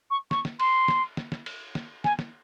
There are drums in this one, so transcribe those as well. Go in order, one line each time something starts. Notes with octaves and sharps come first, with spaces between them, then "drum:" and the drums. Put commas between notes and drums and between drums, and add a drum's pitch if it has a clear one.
C#6
C#6, drum: snare
drum: snare
C6, drum: cymbal
drum: snare
drum: snare
drum: snare
drum: cymbal
drum: snare
G#5, drum: snare
drum: snare